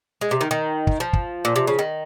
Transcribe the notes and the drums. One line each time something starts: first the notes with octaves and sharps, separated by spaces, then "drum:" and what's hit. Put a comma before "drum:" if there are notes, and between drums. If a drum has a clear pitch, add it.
G#3
C3
D#3
D#3
drum: kick
F3
drum: kick
A#2
C3
C#3
D#3